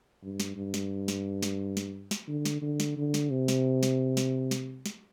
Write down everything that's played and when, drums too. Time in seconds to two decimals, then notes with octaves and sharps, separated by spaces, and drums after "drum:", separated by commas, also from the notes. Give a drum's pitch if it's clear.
0.23 G2
0.40 drum: snare
0.56 G2
0.74 drum: snare
1.08 drum: snare
1.42 drum: snare
1.77 drum: snare
2.11 drum: snare
2.28 D3
2.45 drum: snare
2.62 D3
2.80 drum: snare
2.97 D3
3.14 drum: snare
3.31 C3
3.48 drum: snare
3.83 drum: snare
4.17 drum: snare
4.51 drum: snare
4.86 drum: snare